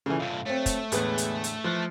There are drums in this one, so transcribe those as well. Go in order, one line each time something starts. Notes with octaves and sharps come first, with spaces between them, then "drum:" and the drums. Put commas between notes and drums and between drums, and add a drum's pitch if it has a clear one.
A#2 C#3 E3 A4
G2 C3 F5
F#3 A3 B3 C4
drum: kick, hi-hat
E2 A2 D3 E3 G#3 B4, drum: hi-hat
drum: hi-hat
drum: hi-hat
E3 F3 F#6